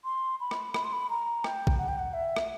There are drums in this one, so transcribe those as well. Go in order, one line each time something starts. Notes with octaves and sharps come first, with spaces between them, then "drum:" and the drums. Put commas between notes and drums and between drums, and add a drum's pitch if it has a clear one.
C6
B5
drum: rim click
B5, drum: rim click
C6
B5
A#5
G5, drum: rim click
drum: kick
F#5
G5
F#5
E5
drum: rim click